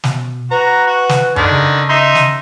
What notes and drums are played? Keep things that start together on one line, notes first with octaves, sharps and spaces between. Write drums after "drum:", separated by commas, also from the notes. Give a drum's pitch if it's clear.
B2, drum: snare
F#4 B4 A#5
F#4
drum: snare
D3 D#3 D4, drum: tom F#2
C#3
D#4 E5 C6
drum: snare